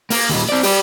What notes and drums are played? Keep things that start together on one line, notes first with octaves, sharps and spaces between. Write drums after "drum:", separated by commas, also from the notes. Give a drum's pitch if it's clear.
A#3, drum: open hi-hat
D#2 A#2
C4 D5
G4 D5, drum: open hi-hat